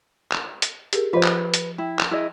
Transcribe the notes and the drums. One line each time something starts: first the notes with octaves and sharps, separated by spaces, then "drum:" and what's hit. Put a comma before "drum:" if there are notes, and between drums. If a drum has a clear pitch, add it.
drum: clap
drum: hi-hat
G4 G#4 A#4, drum: hi-hat
F3 F4 B4 C5 D#5
drum: clap
drum: hi-hat
E4 G5
drum: clap
E4 G#4 D#5